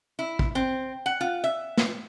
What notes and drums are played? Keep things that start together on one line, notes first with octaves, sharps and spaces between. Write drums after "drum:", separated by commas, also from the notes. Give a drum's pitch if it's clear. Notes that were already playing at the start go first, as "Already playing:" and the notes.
E4
drum: kick
C4
F#5
F4
E5
drum: snare